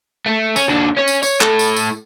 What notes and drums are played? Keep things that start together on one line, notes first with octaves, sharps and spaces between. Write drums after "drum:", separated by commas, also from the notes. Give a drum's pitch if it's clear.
A3
C#4, drum: tambourine
D#2 D4
C#4 C#5
drum: tambourine
C#5, drum: tambourine
A2 A4, drum: clap
drum: tambourine
drum: tambourine